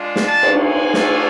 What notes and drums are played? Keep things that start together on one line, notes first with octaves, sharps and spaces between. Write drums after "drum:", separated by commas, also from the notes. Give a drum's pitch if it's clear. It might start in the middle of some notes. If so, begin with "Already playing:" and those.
Already playing: G#3 D4 F4
drum: snare
A5
drum: cymbal
G#5
A3 D4 F4, drum: snare